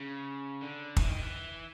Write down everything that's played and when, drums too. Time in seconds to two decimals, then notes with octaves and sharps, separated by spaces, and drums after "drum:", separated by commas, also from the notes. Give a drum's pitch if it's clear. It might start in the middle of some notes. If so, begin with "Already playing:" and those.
Already playing: C#3
0.62 D3
0.97 E3, drum: kick
1.09 D#3
1.22 E3